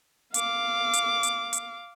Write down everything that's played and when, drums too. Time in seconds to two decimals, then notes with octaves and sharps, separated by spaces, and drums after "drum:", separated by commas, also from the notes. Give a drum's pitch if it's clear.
0.34 F5 D6, drum: hi-hat
0.93 drum: hi-hat
1.23 drum: hi-hat
1.53 drum: hi-hat